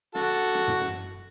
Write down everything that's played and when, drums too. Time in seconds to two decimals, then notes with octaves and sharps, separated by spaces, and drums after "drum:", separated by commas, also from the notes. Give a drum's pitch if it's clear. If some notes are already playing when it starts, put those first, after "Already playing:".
0.15 F#4 A4, drum: snare
0.54 drum: snare
0.68 drum: tom
0.81 drum: snare